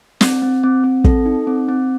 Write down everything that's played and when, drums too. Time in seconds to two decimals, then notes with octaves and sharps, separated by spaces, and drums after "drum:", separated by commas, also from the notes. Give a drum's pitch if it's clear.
0.21 C4, drum: snare
0.42 C4
0.63 C4
0.84 C4
1.04 A4, drum: kick
1.26 D#4
1.47 C4
1.69 C4